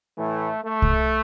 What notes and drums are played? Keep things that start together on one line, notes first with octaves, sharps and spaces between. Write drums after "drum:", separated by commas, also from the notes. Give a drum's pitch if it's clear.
A2 E3 A3
A3
drum: kick C2